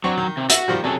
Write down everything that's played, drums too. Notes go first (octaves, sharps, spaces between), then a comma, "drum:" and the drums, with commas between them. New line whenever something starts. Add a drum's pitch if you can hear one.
F#3 C4 D4 C#6
D#3
C3
F#4 E5, drum: hi-hat
D#3 F3 G3
C3 F#3 C#4 G#4 A4